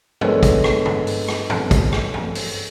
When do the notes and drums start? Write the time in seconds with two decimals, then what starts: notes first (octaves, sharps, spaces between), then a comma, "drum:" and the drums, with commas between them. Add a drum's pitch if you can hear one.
0.21 G#3 B3 D4 A4 A#4 C#5, drum: tom F#2
0.43 drum: kick, hi-hat
0.64 drum: rim click
0.85 drum: tom
1.07 drum: open hi-hat
1.28 drum: rim click
1.50 drum: tom F#2
1.71 drum: kick, hi-hat
1.92 drum: rim click
2.14 drum: tom F#2
2.35 drum: open hi-hat